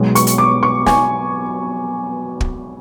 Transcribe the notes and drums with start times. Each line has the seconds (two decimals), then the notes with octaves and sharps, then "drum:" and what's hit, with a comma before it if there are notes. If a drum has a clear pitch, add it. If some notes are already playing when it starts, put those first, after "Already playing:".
Already playing: B1 B2 G#3
0.15 C#6, drum: hi-hat
0.27 drum: hi-hat
0.38 D6
0.63 C#6
0.86 G#5, drum: snare
2.41 drum: kick